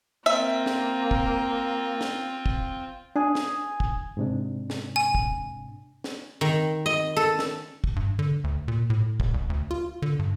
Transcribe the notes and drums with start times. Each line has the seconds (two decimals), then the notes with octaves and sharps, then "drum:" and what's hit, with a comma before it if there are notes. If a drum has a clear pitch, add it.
0.26 A#3 C4 F4 E5
0.66 drum: snare
1.11 drum: kick
2.01 drum: snare
2.46 drum: kick
3.16 D4 G#4
3.35 drum: snare
3.80 drum: kick
4.17 G#2 C3 D4
4.70 drum: snare
4.96 G#5
5.15 drum: kick
6.04 drum: snare
6.41 D#3
6.86 D#5
7.16 A4
7.39 drum: snare
7.84 drum: kick
7.96 G2
8.19 D3
8.44 D2
8.68 A#2
8.90 A2
9.20 D#1, drum: kick
9.34 C2
9.50 D2
9.71 F4
10.02 D3
10.19 G2